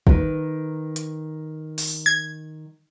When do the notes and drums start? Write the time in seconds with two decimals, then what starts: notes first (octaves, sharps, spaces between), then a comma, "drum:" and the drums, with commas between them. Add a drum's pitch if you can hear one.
0.07 D#3 B4, drum: kick
0.96 drum: hi-hat
1.78 drum: open hi-hat
2.06 G#6